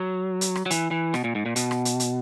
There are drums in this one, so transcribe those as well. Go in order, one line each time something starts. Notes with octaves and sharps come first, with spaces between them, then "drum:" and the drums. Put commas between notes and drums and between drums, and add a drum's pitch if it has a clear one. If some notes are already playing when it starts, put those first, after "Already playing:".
Already playing: F#3
drum: hi-hat
drum: rim click
F#3
E3, drum: hi-hat
E3
B2, drum: rim click
A#2
G#2
A#2
B2, drum: hi-hat
drum: rim click
drum: hi-hat
drum: hi-hat